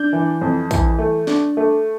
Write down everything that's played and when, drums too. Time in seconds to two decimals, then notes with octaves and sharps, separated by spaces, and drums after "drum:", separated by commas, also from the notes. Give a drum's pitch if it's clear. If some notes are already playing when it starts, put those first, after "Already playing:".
Already playing: D4 G6
0.13 E3
0.41 F2
0.71 E3, drum: kick, tambourine
0.98 A3
1.27 D4, drum: snare
1.57 A3